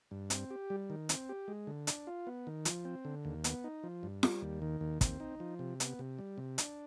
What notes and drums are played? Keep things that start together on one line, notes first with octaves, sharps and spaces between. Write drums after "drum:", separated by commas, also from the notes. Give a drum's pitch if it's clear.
G2
C4, drum: hi-hat
G4
G3
D#3
C4, drum: hi-hat
G4
G#3
D3
D4, drum: hi-hat
F4
B3
D#3
F3, drum: hi-hat
C4
D3
D#2
B3, drum: hi-hat
D#4
F3
G2
G3, drum: snare F4
D#2
D#3
D#2
C4, drum: kick, hi-hat
D#4
F3
C3
B3, drum: hi-hat
C3
G3
C3
D4, drum: hi-hat